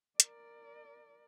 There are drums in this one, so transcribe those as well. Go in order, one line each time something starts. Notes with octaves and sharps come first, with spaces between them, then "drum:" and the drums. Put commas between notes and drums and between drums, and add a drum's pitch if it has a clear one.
A#4 D5, drum: hi-hat